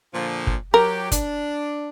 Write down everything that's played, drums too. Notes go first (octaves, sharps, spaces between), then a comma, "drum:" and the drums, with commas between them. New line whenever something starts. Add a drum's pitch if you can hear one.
A#2 D3 F3
drum: kick
F#3 G4 A#4
D4, drum: kick, hi-hat